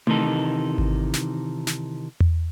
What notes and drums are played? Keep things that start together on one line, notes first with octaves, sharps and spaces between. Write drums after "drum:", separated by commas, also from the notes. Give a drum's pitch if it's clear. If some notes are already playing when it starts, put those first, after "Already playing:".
C3 D#3 E3 D#4 A4, drum: tom A3
drum: kick G#1
drum: snare
drum: snare
drum: tom E2